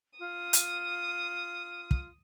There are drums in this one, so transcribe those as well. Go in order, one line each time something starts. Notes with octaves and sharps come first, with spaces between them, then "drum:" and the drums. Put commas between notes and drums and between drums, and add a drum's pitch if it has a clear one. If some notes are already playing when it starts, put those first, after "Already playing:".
F4 D#6
drum: hi-hat
drum: kick